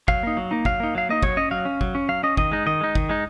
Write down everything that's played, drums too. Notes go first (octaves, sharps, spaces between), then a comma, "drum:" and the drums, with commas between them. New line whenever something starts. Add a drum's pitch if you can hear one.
F#3 F5, drum: kick
A#3 D#4
F#3
A#3 D#4
F#3 F5, drum: kick
A#3 D#4
F#3 F5
A#3 D#4 D#5
F#3 C#5, drum: kick
C#4 D#5
F#3 F5
C#4
F#3, drum: kick
C#4
F#3 F5
C#4 D#5
D#3 D#5, drum: kick
G#3 D#4
D#3 D#5
G#3 D#4
D#3, drum: kick
G#3 D#4